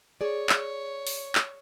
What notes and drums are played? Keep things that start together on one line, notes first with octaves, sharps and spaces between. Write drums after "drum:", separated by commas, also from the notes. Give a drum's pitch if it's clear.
G#4 C#5 D5
drum: clap
drum: open hi-hat
drum: clap